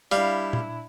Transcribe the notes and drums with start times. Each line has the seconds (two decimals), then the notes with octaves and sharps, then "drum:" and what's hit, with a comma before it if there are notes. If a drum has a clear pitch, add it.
0.12 G3 D4 E4 F5, drum: hi-hat
0.53 drum: tom A#2